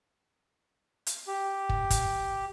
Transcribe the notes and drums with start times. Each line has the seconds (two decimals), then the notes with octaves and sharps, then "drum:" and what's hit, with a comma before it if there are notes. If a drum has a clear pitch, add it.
1.07 drum: hi-hat
1.28 G4
1.69 drum: kick
1.90 drum: kick, hi-hat